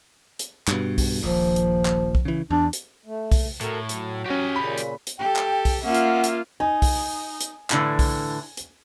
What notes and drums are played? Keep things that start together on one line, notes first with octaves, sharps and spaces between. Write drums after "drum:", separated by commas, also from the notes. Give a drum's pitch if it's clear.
drum: hi-hat
G2 B2, drum: clap
drum: kick B1, open hi-hat
D#1 A#1 A#2 F3
drum: hi-hat
drum: clap
drum: kick B1
C#3 E3
E2 D4
drum: hi-hat
A3
drum: kick B1, open hi-hat
A2 F#4 A4 A#4, drum: hi-hat
F#3, drum: hi-hat
C#4 F#4 G4 D#5
A#2 C#3 B5
drum: hi-hat
drum: hi-hat
G4 A4 G5
drum: clap
drum: kick B1, open hi-hat
A#3 C#4 F4 E5 F#5
drum: hi-hat
drum: hi-hat
D#4 G#5
drum: kick B1, open hi-hat
drum: hi-hat
A2 D3 E3, drum: clap
drum: kick B1, open hi-hat
drum: hi-hat